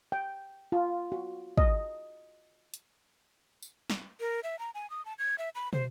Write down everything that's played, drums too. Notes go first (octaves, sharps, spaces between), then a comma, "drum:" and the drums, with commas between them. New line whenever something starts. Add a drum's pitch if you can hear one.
G5
F4
F#4
D#5, drum: kick
drum: hi-hat
drum: tambourine
drum: snare
A#4
E5
A#5
G#5
D#6
A5
G#6
E5
B5
C5, drum: tom